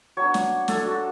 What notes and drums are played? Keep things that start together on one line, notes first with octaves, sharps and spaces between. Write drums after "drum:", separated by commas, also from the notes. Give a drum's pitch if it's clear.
F#3 B3 D4 C#5
drum: snare
A3 D4 A4, drum: snare
F#4